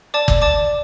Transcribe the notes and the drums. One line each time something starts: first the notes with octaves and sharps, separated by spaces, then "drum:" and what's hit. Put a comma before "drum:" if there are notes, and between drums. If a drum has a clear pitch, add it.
D5 A5 D6
drum: kick G1
D5 A5 D6